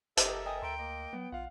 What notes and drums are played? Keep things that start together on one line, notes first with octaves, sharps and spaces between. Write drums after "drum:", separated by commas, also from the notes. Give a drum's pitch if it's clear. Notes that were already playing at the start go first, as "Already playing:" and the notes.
F#1 G4 A4 A#4 D#5 E5, drum: hi-hat
D#5 G5 G#5 D#6
D2 G5 A#5 C6
A#3 D#5
F#3 B3
A#1 F4 F5 F#5